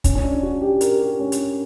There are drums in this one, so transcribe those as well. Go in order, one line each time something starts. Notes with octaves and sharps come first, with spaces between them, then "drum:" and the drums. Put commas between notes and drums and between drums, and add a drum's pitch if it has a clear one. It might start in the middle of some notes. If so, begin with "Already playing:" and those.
C#4, drum: kick, hi-hat
C#4
D4
F#4
G4
A#4, drum: hi-hat
G4
C#4
drum: hi-hat